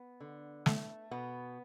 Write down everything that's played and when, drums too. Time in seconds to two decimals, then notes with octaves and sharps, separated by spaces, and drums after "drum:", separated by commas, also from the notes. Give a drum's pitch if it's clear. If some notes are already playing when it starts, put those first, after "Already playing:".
Already playing: B3
0.21 D3
0.66 A3, drum: snare
1.11 B2 B3